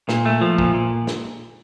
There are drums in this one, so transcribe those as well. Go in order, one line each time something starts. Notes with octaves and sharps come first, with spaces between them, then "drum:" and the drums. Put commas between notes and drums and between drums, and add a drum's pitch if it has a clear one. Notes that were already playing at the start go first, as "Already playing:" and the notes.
A#2, drum: snare
A3
F3
A#2, drum: kick
A#2
drum: snare